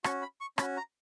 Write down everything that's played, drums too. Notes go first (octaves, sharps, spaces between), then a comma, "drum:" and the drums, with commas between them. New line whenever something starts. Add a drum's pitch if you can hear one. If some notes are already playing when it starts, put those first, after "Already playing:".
C#4 F#4 C#6, drum: rim click
B5
C#6
C#4 F#4 B5, drum: rim click
A#5